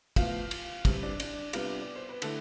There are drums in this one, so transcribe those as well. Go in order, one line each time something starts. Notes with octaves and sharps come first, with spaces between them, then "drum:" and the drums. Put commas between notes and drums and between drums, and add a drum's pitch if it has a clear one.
A2 F3 B3 F4 F5, drum: kick, cymbal
drum: cymbal
G2 E3 G3 C4, drum: kick, cymbal
D4 D5
D4 D5, drum: cymbal
C3 G3 B3 D4 F4 B4, drum: cymbal
D5
C5
B4
D3 A3 E4 A4, drum: cymbal